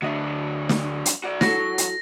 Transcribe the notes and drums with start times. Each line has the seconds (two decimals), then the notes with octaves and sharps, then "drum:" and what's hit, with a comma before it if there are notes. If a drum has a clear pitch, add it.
0.02 D2 F#3 D4 D#5 E5
0.69 drum: snare
1.06 drum: hi-hat
1.24 F#4 D5
1.41 F#3 E4 F#4 A4 A#6, drum: snare
1.78 drum: hi-hat